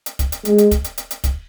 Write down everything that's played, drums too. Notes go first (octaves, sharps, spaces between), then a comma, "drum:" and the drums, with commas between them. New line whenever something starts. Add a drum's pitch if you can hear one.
drum: hi-hat
drum: kick, hi-hat
drum: hi-hat
G#3, drum: hi-hat
drum: hi-hat
drum: kick, hi-hat
drum: hi-hat
drum: hi-hat
drum: hi-hat
drum: kick, hi-hat